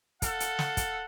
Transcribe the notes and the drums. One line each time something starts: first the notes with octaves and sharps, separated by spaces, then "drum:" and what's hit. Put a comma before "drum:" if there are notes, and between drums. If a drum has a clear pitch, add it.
A4 F5 F#5, drum: kick, hi-hat
drum: hi-hat
drum: snare
drum: kick, hi-hat